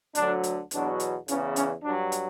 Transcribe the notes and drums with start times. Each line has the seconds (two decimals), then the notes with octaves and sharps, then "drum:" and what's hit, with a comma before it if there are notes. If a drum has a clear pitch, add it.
0.15 D2 D3 F#3 D4, drum: hi-hat
0.43 drum: hi-hat
0.71 E2 B2 F#3 D4, drum: hi-hat
1.00 drum: hi-hat
1.28 E2 C#3 E3 C#4, drum: hi-hat
1.56 C#4, drum: hi-hat
1.83 G2 F#3 D4
2.12 drum: hi-hat